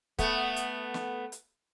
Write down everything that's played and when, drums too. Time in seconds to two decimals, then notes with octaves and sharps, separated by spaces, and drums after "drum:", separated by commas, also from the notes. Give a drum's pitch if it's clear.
0.19 A3 B3, drum: kick C#1, hi-hat
0.56 drum: hi-hat
0.94 drum: snare
1.32 drum: hi-hat